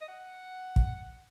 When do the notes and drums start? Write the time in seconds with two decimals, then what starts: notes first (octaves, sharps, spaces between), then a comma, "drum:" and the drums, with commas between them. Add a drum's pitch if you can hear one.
0.01 D#5
0.08 F#5
0.76 drum: kick